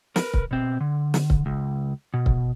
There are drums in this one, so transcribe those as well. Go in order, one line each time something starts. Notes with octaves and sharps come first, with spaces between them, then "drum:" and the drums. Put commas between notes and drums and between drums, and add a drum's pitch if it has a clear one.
A#4 B4, drum: snare
drum: kick C#1
B2 C4
D3
drum: snare
drum: kick C#1
C#2
B2
drum: kick C#1